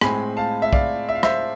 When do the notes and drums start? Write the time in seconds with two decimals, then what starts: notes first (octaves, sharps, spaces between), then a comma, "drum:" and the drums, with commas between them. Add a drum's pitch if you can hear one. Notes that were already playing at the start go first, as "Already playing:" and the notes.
0.01 A2 G#3 C4 G#5 B5, drum: rim click
0.37 F5 A5
0.62 E5
0.73 D5 F5, drum: kick
1.09 E5
1.15 F5
1.23 C5 E5, drum: rim click